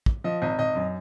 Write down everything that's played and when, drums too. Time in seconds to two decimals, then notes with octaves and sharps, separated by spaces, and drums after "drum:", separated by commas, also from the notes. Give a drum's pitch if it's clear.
0.06 drum: kick
0.24 F3 D#5
0.42 G#1 D#5
0.59 G#1 D#5
0.75 F#2